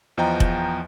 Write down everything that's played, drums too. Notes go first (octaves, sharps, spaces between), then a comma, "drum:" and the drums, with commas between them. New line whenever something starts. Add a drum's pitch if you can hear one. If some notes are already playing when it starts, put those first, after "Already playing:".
E2 F3 D#5 G5 A#5
drum: kick F1